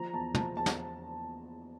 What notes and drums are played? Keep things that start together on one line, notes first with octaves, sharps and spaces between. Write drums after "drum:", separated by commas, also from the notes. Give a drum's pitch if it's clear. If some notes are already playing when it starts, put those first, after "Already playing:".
Already playing: F3 A#5
E2 A5
F3 A5, drum: tom
E2 A5
drum: snare